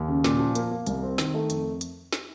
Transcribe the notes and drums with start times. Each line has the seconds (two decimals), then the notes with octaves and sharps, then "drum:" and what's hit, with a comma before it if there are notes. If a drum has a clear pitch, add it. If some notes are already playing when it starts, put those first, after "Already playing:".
Already playing: D#2
0.08 C#3
0.24 A#2, drum: snare
0.39 F3
0.55 A#3, drum: hi-hat
0.71 A#3
0.87 C2, drum: hi-hat
1.03 C4
1.18 D#3, drum: snare
1.34 A3
1.50 F2, drum: hi-hat
1.81 drum: hi-hat
2.13 drum: snare